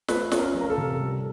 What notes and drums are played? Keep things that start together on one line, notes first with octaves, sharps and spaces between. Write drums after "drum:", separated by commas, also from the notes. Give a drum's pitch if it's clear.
A3 B4, drum: snare
C#4, drum: snare
A#4
F3
A#4
A4
C3
G3